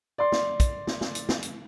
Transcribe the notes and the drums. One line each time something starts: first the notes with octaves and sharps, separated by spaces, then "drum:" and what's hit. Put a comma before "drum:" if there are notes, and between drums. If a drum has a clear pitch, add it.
D5 C6
drum: snare
drum: kick, hi-hat
drum: snare
drum: snare
drum: hi-hat
drum: snare
drum: hi-hat